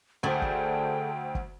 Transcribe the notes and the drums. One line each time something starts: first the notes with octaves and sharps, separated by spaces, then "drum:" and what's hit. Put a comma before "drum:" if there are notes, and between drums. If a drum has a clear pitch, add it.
D2 A3 D4 G#4 C5 G5
drum: kick
drum: kick